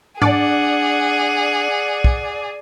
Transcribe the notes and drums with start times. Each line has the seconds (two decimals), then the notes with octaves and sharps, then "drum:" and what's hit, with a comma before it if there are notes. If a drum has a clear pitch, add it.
0.22 D4 G#4 D5 F#5, drum: tom G#2
2.04 drum: kick